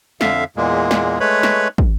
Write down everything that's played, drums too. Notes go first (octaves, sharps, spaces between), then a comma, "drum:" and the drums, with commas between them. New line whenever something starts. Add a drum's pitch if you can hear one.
F2 D3 E5 F5, drum: snare
E2 A#2 G#3 A#3
drum: snare
G#3 A3 B4 C#5 B5
drum: snare
drum: kick